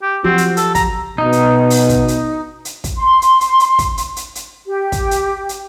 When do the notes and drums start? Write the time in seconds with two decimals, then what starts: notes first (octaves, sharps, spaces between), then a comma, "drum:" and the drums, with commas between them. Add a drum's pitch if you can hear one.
0.02 G4
0.24 F3 C4 F#4 G4
0.38 drum: hi-hat
0.57 A4, drum: hi-hat
0.75 A#5, drum: kick, hi-hat
1.18 B2 D#4
1.32 drum: hi-hat
1.70 drum: open hi-hat
1.89 drum: kick, hi-hat
2.08 drum: hi-hat
2.65 drum: hi-hat
2.84 drum: kick, hi-hat
2.97 C6
3.22 drum: hi-hat
3.41 drum: hi-hat
3.60 drum: hi-hat
3.79 drum: kick, hi-hat
3.97 drum: hi-hat
4.16 drum: hi-hat
4.35 drum: hi-hat
4.67 G4
4.92 drum: kick, hi-hat
5.11 drum: hi-hat
5.49 drum: hi-hat